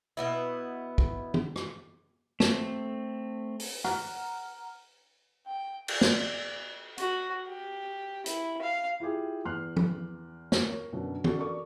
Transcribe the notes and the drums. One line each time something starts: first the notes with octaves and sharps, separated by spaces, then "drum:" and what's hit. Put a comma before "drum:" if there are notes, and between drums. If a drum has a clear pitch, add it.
B2 B3 E4
drum: kick
drum: tom
drum: rim click
A3 C4, drum: snare
drum: open hi-hat
F#5 A#5 F6, drum: rim click
G5
D5, drum: cymbal
drum: snare
F#4, drum: hi-hat
G4
E4, drum: hi-hat
F5
E4 F4 G4 G#4
E2 C6 F6 F#6 C7
drum: tom
drum: snare
A#4 C#5
F#2 B2 D3 F#3
C#4 F#4 A4 D5, drum: tom
A4 A#4 D5 C#6